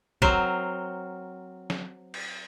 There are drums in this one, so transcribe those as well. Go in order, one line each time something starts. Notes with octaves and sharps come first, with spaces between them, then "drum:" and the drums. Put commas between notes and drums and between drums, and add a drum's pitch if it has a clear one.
F#3 C4 A#4 C5, drum: kick B1
drum: snare
drum: cymbal